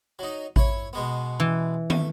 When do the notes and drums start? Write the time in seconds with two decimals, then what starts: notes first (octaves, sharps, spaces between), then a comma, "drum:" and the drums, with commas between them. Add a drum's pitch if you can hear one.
0.19 F#3 D#4
0.56 E4 C#5, drum: kick A1
0.93 B2 G#3 B3
1.40 E3
1.90 A3, drum: tom